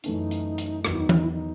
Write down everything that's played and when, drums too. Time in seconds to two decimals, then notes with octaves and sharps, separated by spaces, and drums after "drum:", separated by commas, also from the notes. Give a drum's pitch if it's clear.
0.04 F#2 E3 A3 C#4 D#4, drum: hi-hat
0.31 drum: hi-hat
0.58 drum: hi-hat
0.85 E2 D#3 F#3 D#4, drum: rim click
0.93 E4
1.01 D#4
1.09 E4, drum: tom E3
1.17 D#4
1.24 E4
1.32 D#4